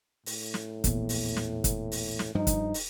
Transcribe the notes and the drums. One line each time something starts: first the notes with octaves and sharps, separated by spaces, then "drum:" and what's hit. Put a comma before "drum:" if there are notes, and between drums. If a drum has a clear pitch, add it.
A2, drum: open hi-hat
drum: snare
A#1 E2, drum: kick, hi-hat
drum: open hi-hat
drum: snare
drum: kick, hi-hat
drum: open hi-hat
drum: snare
G2 F3 D#4
drum: kick, hi-hat
drum: open hi-hat